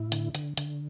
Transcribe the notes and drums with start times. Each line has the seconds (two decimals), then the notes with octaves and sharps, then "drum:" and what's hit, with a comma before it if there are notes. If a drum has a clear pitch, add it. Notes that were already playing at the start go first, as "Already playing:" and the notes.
Already playing: A2 E4
0.12 D3, drum: hi-hat
0.35 D3, drum: hi-hat
0.57 D3, drum: hi-hat